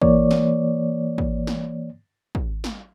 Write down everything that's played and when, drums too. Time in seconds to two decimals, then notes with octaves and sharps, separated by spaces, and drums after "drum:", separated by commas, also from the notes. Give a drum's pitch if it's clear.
0.02 E3 A#3 C#5 D5, drum: kick
0.31 drum: snare
1.18 drum: kick
1.47 drum: snare
2.35 drum: kick
2.64 drum: snare